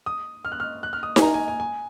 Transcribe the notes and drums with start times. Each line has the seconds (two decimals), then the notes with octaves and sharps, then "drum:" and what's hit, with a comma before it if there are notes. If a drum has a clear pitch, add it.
0.06 D#6
0.45 F6
0.52 F#6
0.60 F6
0.83 F#6
0.93 F6
1.03 D#6
1.16 G#5, drum: snare D#4
1.22 A#5
1.34 G#5
1.48 G#5
1.60 G#5